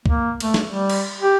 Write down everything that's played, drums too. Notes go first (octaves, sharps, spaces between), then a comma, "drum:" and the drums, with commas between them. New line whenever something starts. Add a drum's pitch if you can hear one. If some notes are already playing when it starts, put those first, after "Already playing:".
A#3, drum: kick
A3, drum: cymbal
drum: snare
G3
drum: cymbal
G4